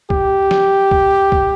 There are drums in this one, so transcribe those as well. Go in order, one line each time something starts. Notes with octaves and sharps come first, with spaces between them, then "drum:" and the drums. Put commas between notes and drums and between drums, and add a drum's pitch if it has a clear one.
G4, drum: kick
drum: snare
drum: kick
drum: kick